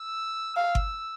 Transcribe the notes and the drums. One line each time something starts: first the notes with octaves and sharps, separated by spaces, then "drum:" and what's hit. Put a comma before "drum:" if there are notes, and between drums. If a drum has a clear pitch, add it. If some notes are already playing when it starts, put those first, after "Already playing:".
Already playing: E6
F5 E6
drum: kick G1